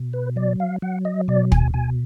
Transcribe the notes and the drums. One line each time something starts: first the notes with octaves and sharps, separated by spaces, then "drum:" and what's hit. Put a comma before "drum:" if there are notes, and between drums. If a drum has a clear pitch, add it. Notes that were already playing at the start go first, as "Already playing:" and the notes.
Already playing: B2
B4
F#3 D5
F5
F#3 F#5
D#5
B2 D5
G#5, drum: kick
B2 G#5